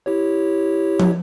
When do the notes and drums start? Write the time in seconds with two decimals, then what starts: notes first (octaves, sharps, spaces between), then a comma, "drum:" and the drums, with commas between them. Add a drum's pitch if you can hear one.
0.06 E4 G4 C#5
1.00 drum: tom